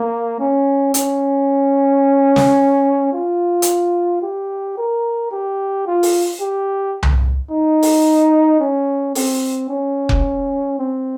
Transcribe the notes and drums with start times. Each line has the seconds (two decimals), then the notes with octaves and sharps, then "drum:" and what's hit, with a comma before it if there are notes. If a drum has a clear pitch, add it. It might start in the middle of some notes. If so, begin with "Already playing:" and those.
Already playing: A#3
0.39 C#4
0.94 C#4, drum: hi-hat
2.36 drum: snare
3.12 F4
3.62 drum: hi-hat
4.22 G4
4.77 A#4
5.31 G4
5.87 F4
6.03 drum: open hi-hat
6.40 G4
7.03 drum: tom C2
7.50 D#4
7.82 drum: open hi-hat
8.60 C#4
9.15 C4, drum: open hi-hat
9.69 C#4
10.09 drum: kick F1
10.79 C4